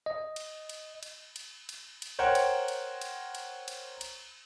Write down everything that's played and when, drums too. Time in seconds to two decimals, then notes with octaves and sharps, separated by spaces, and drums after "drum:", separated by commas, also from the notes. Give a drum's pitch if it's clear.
0.06 D#5
0.36 drum: cymbal
0.69 drum: cymbal
1.03 drum: cymbal
1.36 drum: cymbal
1.69 drum: cymbal
2.02 drum: cymbal
2.19 A#4 C5 C#5 F#5 G5
2.35 drum: cymbal
2.68 drum: cymbal
3.01 drum: cymbal
3.35 drum: cymbal
3.68 drum: cymbal
4.01 drum: cymbal